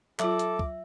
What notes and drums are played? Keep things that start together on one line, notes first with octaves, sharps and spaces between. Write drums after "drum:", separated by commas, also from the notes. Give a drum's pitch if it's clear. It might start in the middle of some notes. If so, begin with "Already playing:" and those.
F#3 F4 A4 E5 D6, drum: clap
drum: hi-hat
drum: kick